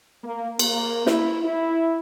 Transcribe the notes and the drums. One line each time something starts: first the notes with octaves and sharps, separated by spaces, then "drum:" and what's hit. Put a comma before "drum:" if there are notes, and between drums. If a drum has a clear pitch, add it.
A#3
A#3, drum: cymbal
E4, drum: snare
E4